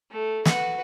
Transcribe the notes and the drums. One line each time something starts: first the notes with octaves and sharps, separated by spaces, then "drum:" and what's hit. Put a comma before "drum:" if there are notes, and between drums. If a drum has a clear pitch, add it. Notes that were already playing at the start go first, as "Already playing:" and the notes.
A3
F#4 B4, drum: snare